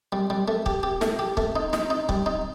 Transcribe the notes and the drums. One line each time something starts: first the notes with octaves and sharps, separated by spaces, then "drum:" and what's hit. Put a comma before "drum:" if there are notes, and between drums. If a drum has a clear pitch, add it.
G3
G3
A3
G4, drum: kick
G4
A3, drum: snare
G4
A3, drum: kick
D#4
D#4, drum: snare
D#4
G3, drum: kick
D#4